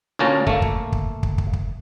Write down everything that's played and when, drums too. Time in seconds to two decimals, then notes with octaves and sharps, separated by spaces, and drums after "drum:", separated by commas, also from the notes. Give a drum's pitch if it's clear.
0.19 D2 A#2 A#3 C#4 A5 A#5
0.47 A3 A#3, drum: kick
0.62 drum: kick
0.92 drum: kick
1.23 drum: kick
1.38 drum: kick
1.53 drum: kick